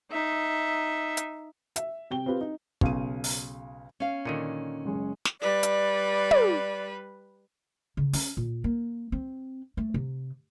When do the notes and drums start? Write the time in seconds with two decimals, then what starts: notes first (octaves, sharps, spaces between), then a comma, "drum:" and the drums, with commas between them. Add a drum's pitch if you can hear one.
0.11 D#4 E5
1.17 drum: hi-hat
1.76 E5, drum: hi-hat
2.11 C3 G5 G7
2.26 C4 F4 G4 B4
2.41 D#4
2.81 B1 C#3 F5 D#7, drum: kick
3.24 drum: open hi-hat
4.00 C#4 F5
4.25 A#2 D3 D#3 C#7 D#7
4.85 F#1 G#3
5.25 drum: snare
5.42 G3 B4 D5
5.63 drum: hi-hat
6.31 drum: tom
7.97 C#3
8.13 C#4, drum: open hi-hat
8.37 A#2
8.64 A#3
9.12 C4
9.77 A3
9.94 C3